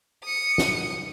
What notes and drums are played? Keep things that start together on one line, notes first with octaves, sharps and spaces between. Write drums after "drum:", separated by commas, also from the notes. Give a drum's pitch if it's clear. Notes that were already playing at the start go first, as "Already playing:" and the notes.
D#6 C#7
drum: snare